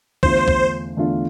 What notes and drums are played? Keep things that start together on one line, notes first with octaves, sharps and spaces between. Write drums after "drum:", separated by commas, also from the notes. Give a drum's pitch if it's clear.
E2 D3 A3 D4 F4 C5, drum: kick
drum: kick
E2 D3 A3 D4 F4